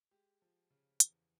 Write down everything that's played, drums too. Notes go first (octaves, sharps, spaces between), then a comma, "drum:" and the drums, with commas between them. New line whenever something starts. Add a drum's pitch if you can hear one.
G#3 G4
F3
C#3
E2, drum: hi-hat